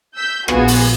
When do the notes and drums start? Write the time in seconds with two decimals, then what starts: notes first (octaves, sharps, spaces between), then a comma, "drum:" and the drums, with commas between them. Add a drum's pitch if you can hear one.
0.17 E6 G6 B6
0.48 A#1 G#3 B3 F4 F#4 G#4, drum: rim click
0.68 drum: open hi-hat